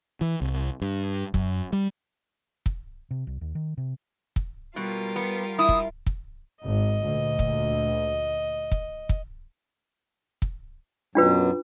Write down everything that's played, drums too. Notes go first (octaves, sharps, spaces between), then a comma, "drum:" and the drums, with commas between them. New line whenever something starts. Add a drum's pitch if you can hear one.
E3
C2
G2
F#2, drum: kick
G3
drum: kick
C3
C2
D#2
D#3
C3
drum: kick
B2 G3 F4 A#4
B3
E4 D#6
drum: kick
drum: kick
G#1 D#5
D2 A#2
drum: kick
drum: kick
drum: kick
drum: kick
F#2 B2 F#3 D4 F4 B4